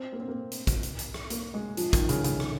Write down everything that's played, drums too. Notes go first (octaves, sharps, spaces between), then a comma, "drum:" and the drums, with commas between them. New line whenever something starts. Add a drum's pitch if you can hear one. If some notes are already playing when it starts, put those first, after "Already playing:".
Already playing: C4
A#3
C4
A#3
drum: hi-hat
drum: kick, hi-hat
drum: hi-hat
drum: hi-hat
drum: rim click
A#3, drum: hi-hat
G#3
F3, drum: hi-hat
D#3, drum: kick, hi-hat
C#3, drum: hi-hat
C#3, drum: hi-hat
drum: rim click